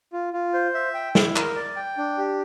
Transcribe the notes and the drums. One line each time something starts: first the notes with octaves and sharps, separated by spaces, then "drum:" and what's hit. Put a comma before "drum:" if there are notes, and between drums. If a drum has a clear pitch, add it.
F4
F4
C5
E5
G5
E4, drum: snare
A#4, drum: clap
D5
G5
D4
G4